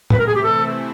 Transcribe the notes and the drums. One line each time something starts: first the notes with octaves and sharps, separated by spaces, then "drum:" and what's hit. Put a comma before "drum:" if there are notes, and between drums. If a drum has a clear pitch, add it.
C3 E3 A3 C4 E4 B4, drum: tom
A#4
G#4
G4
A4